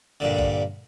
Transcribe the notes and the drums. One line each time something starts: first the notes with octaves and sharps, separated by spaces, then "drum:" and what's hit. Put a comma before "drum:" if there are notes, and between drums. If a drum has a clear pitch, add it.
G2 A#2 D3
drum: kick A1